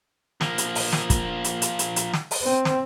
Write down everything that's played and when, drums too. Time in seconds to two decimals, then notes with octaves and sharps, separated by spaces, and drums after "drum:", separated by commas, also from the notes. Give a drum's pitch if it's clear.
0.41 F3 A#3, drum: snare
0.58 drum: hi-hat
0.75 drum: open hi-hat
0.93 drum: snare
1.10 drum: kick, hi-hat
1.44 drum: hi-hat
1.62 drum: hi-hat
1.79 drum: hi-hat
1.96 drum: hi-hat
2.14 drum: snare
2.31 drum: open hi-hat
2.43 C4
2.65 drum: snare